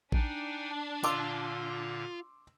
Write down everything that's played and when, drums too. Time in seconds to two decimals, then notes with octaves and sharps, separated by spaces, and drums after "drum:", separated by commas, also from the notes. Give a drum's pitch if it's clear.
0.12 D4 D#4 G5 G#5, drum: kick A1
1.04 A#2 D3 F4 C6 D6 E6, drum: tambourine